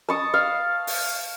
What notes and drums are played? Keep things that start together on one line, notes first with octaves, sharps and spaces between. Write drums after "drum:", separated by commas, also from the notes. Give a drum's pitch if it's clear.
A5 C#6 D#6
F5
drum: open hi-hat